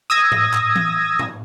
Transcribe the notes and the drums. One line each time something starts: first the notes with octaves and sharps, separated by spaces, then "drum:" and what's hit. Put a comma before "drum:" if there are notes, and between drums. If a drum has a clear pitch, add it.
D#6 E6 G#6 A#6
drum: tom G#2
drum: clap
drum: tom E3
drum: tom A2